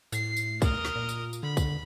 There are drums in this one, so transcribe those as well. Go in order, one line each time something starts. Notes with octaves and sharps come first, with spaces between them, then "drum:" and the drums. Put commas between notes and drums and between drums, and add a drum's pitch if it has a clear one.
A2 C7, drum: tambourine
drum: tambourine
A#4 D#5, drum: kick, tambourine
drum: snare
A#2
drum: tambourine
drum: tambourine
D3 B5
drum: kick, tambourine